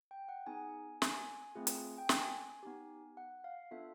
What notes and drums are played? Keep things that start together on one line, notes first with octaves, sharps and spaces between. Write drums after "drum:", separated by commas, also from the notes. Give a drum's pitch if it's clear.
G5
F#5
B3 D#4 G#4 G#5
G#5, drum: snare
A3 C4 F4 G#4
drum: hi-hat
G5
G#5, drum: snare
B3 D#4 G4
F#5
F5
B3 D4 F4 A4 E5